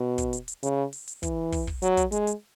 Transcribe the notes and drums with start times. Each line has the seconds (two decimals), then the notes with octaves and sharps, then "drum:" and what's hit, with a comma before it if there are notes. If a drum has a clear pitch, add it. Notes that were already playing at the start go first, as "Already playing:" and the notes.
Already playing: B2
0.18 drum: kick, hi-hat
0.33 drum: hi-hat
0.48 drum: hi-hat
0.63 C#3, drum: hi-hat
0.93 drum: open hi-hat
1.08 drum: hi-hat
1.23 E3, drum: kick, hi-hat
1.52 drum: kick, open hi-hat
1.67 drum: kick
1.82 F#3, drum: hi-hat
1.97 drum: kick, hi-hat
2.12 G#3, drum: hi-hat
2.27 drum: hi-hat